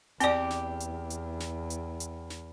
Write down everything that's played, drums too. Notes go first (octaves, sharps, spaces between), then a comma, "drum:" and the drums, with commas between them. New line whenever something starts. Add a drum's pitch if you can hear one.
E2 C4 G4 D5 D6, drum: hi-hat
drum: snare
drum: hi-hat
drum: hi-hat
drum: snare
drum: hi-hat
drum: hi-hat
drum: snare